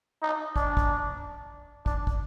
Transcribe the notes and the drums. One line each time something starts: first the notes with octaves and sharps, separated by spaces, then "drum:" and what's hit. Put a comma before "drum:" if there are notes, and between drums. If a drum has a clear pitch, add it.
D#4
D4, drum: kick
drum: kick
D4, drum: kick
drum: kick